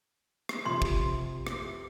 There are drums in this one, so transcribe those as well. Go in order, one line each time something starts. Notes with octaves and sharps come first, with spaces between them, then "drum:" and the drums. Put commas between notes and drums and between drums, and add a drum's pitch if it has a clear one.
drum: rim click
F2 C3 C6
drum: kick
drum: rim click